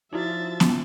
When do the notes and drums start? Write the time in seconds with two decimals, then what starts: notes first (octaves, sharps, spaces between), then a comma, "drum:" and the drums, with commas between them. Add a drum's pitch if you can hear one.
0.13 F3 D#4 E4 F#4 E5 A6
0.60 drum: snare B3